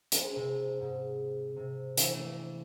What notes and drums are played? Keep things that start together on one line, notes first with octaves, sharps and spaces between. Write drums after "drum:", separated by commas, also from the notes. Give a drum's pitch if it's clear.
G#3, drum: hi-hat
C3
G#2
C3
E3, drum: hi-hat
A3